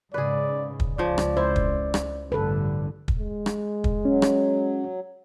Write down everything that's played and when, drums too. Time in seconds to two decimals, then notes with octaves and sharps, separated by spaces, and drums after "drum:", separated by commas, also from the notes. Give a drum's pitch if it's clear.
0.14 G#2 C#3 G#4 B4 D5
0.80 drum: kick
0.98 C#2 C#3 F3 D5
1.18 drum: rim click
1.37 E4 C5
1.56 drum: kick
1.94 drum: rim click
2.32 A1 G2 D3 A4 B4
3.08 drum: kick
3.19 G#3
3.46 drum: rim click
3.84 drum: kick
4.05 F#3 C#4
4.22 drum: rim click